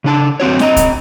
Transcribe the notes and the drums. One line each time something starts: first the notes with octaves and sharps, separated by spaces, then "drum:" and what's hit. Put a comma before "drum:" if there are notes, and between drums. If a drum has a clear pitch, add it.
C#3 D4 A5
F#2 C4 F#4 C#5
C4 D#5 A#5, drum: snare
drum: kick, hi-hat